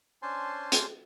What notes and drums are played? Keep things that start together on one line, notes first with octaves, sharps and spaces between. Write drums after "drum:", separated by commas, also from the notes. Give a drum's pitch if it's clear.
C#4 D4 C5 G#5 A5 C6
drum: hi-hat